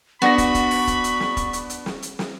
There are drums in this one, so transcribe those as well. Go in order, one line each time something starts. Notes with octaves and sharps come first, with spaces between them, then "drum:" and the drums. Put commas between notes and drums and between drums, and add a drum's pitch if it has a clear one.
B3 D4 F#4 B5 C#6 A#6, drum: snare
drum: kick, hi-hat
drum: kick, hi-hat
drum: open hi-hat
drum: kick, hi-hat
drum: hi-hat
drum: snare
drum: kick, hi-hat
drum: hi-hat
drum: hi-hat
drum: snare
drum: hi-hat
drum: snare